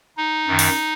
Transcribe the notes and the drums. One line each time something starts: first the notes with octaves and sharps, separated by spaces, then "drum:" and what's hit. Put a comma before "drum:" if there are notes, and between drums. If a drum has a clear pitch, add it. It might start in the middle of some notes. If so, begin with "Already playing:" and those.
D#4
F#2 D#3
drum: open hi-hat